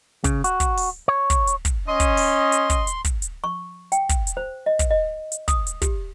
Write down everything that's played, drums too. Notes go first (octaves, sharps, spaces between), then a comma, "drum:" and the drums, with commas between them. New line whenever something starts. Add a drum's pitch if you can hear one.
C#3, drum: kick, hi-hat
F#4, drum: hi-hat
drum: kick, hi-hat
drum: open hi-hat
C#5
drum: kick, hi-hat
drum: hi-hat
drum: kick, hi-hat
C#4 D#5 C6
drum: kick, hi-hat
drum: open hi-hat
drum: hi-hat
drum: kick, hi-hat
drum: hi-hat
drum: kick, hi-hat
drum: hi-hat
C#6
G5, drum: hi-hat
drum: kick, hi-hat
drum: hi-hat
C5
D#5
drum: kick, hi-hat
D#5
drum: hi-hat
D#6, drum: kick, hi-hat
drum: hi-hat
G4, drum: kick, hi-hat